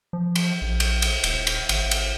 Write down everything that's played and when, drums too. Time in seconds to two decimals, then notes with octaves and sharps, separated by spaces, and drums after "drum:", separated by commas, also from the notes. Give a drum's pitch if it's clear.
0.13 F3
0.36 drum: cymbal
0.62 A#1
0.80 drum: cymbal
1.02 drum: cymbal
1.24 D#1, drum: cymbal
1.47 drum: cymbal
1.69 G#1, drum: cymbal
1.91 drum: cymbal